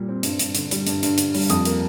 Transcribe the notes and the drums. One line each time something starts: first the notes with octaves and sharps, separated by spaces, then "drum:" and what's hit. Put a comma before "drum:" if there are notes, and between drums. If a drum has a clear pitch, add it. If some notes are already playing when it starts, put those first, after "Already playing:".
Already playing: A#2 G3
C4
G2, drum: hi-hat
G2, drum: hi-hat
D3, drum: hi-hat
G3, drum: hi-hat
G2, drum: hi-hat
G2, drum: hi-hat
D3, drum: hi-hat
G3, drum: open hi-hat
F2 D#6, drum: hi-hat
A#3, drum: hi-hat